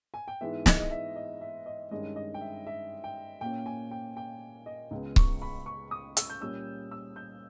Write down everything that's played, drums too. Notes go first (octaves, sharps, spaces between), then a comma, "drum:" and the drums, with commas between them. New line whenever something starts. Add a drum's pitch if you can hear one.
G#5
G5
G#2 E3 G#3 B3 E5
D#5, drum: snare
D#5
E5
D#5
E5
D#5
G2 D#3 G#3 C#4 D#5
D#5
G5
E5
E5
G5
A#2 A#3 C#4 G5
G#5
G5
G5
D#5
C#2 C#3 G#3 B3
C#6, drum: kick C#1
B5
C#6
D#6
E6, drum: hi-hat
G6
A#2 G3 C#4 E6
E6
G6